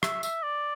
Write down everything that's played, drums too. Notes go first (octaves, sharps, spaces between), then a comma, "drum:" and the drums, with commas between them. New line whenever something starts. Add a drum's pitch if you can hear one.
E5, drum: rim click
E5, drum: tambourine
D5